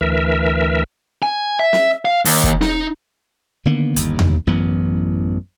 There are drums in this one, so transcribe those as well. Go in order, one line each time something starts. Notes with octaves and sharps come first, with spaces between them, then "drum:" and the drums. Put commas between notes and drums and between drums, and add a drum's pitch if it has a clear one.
D2 E3 A#4 E5
G#5
E5
drum: snare
F5
D#2, drum: open hi-hat
drum: kick
D#4, drum: snare
D3 D#3 A#3 B3
G1 D#2, drum: hi-hat
drum: tom E2
A1 F#2 E3 B3